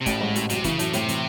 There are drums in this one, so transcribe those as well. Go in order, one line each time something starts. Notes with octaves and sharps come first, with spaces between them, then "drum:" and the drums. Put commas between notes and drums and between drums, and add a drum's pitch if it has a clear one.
C3
A1 A2, drum: kick, hi-hat
G#2
A1, drum: hi-hat
F#2 C3, drum: hi-hat
C#3 E3, drum: kick, hi-hat
F#2 A2, drum: hi-hat
A2 C3, drum: hi-hat
E3, drum: hi-hat